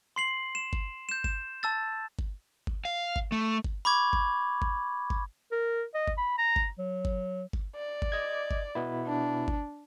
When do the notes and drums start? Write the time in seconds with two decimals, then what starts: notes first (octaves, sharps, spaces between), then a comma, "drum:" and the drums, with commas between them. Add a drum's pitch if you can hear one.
0.16 C6 C7 F#7
0.55 E7
0.73 drum: kick G1
1.09 G6 E7
1.24 E7, drum: kick G1
1.63 A5 E6 A6
2.19 drum: kick G1
2.67 drum: kick G1
2.85 F5
3.16 drum: kick G1
3.32 A3
3.64 drum: kick G1
3.85 B5 C#6 D6 G#6
4.13 drum: kick G1
4.62 drum: kick G1
5.10 drum: kick G1
5.52 A#4
5.94 D#5
6.08 drum: kick G1
6.18 B5
6.38 A#5
6.56 drum: kick G1
6.78 F#3
7.05 drum: kick G1
7.53 drum: kick G1
7.76 D5
8.02 drum: kick G1
8.12 D#5 G#6
8.51 drum: kick G1
8.75 B2 B3 E4
9.07 D4
9.48 drum: kick G1